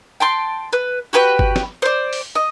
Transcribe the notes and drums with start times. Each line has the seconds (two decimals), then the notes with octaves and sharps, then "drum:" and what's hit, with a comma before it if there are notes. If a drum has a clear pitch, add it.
0.20 G5 A5 C6
0.73 B4
1.13 F#4 G4 B4 G5
1.39 drum: kick G1
1.56 drum: snare
1.82 C5 D5
2.13 drum: open hi-hat
2.35 D#5